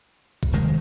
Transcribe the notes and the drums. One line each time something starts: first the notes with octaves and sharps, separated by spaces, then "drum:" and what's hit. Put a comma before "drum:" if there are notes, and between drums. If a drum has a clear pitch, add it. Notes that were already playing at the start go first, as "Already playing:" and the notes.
drum: kick
F1 D#2 D#3 G#3